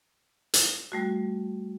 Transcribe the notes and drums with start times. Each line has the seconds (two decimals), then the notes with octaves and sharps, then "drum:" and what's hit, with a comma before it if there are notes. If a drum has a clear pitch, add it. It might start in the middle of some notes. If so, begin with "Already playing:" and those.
0.54 drum: hi-hat
0.92 G3 A3 F#4